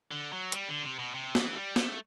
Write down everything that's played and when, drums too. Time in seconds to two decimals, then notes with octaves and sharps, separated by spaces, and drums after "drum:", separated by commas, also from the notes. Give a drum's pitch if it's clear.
0.11 D3
0.33 F#3
0.52 G3, drum: hi-hat
0.68 D3
0.83 C3
0.99 B2
1.14 C3
1.35 E3, drum: snare
1.55 G3
1.76 A3, drum: snare